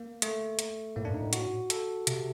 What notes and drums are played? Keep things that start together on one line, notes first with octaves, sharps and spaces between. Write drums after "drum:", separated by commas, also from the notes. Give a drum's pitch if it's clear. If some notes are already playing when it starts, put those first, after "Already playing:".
Already playing: A#3
A3, drum: hi-hat
drum: hi-hat
A2 A#3
G2 D4
D#4
A2
F#4, drum: hi-hat
A4, drum: hi-hat
C3, drum: hi-hat